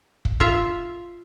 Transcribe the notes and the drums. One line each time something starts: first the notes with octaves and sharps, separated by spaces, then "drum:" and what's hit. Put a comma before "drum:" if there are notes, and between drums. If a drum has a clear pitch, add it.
drum: kick
F4 E5, drum: kick